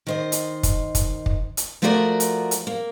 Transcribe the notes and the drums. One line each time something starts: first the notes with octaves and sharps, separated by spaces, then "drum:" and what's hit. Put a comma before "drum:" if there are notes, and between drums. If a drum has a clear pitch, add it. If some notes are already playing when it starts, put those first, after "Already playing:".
D#3 C5 D#5
drum: hi-hat
drum: kick, hi-hat
drum: kick, hi-hat
drum: kick
drum: hi-hat
F3 A3 F4 F#4 A#4 D5
drum: hi-hat
drum: hi-hat
A#3